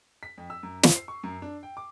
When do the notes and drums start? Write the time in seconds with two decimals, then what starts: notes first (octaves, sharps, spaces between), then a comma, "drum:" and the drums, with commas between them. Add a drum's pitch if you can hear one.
0.23 B6
0.38 F2
0.50 E6
0.63 F#2
0.83 C5, drum: snare
0.96 C7
1.08 C#6
1.24 F#2
1.42 D4
1.63 G5
1.77 D6